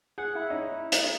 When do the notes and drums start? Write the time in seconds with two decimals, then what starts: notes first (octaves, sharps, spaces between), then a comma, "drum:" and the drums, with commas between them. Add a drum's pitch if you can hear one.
0.18 G#4 F#5
0.35 E4
0.50 C#4 D#4
0.92 D#4, drum: hi-hat